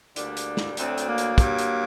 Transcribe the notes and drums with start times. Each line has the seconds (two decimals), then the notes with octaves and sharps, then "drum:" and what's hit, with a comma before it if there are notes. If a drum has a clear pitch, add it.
0.16 D2 D3 G3 A#3 D4, drum: hi-hat
0.37 drum: hi-hat
0.57 drum: snare
0.77 D2 D3 F#3 A3 C4, drum: hi-hat
0.98 drum: hi-hat
1.08 A#3
1.18 drum: hi-hat
1.38 G2 F#3, drum: kick, hi-hat
1.59 drum: hi-hat